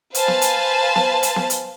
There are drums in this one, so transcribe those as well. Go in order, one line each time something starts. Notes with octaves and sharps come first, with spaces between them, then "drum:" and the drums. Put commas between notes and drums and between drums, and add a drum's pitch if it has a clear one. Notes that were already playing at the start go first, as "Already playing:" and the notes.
B4 C5 F5 G#5 A5, drum: hi-hat
drum: snare B3
drum: hi-hat
drum: snare B3
drum: hi-hat
drum: snare B3
drum: hi-hat